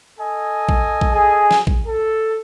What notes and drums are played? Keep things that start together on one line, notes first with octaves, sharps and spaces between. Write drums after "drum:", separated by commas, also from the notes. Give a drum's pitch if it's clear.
A4 D#5 G#5
drum: kick A#1
drum: kick A#1
G#4
drum: snare
drum: kick A#1
A4